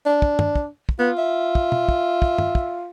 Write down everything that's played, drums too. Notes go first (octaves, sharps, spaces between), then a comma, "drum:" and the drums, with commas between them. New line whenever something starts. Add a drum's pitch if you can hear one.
D4
drum: kick
drum: tom
drum: kick
drum: kick
B3 F4
E5
drum: kick
drum: tom
drum: kick
drum: kick
drum: tom
drum: kick